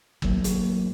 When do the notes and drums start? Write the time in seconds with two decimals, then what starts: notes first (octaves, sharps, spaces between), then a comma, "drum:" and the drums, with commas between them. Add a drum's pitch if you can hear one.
0.22 A2 F#3 A#3, drum: kick
0.44 drum: hi-hat